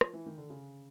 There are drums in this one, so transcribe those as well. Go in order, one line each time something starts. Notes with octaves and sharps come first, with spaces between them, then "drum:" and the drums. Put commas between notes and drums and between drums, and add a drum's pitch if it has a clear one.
F3, drum: rim click
E3
D#3
D3
C#3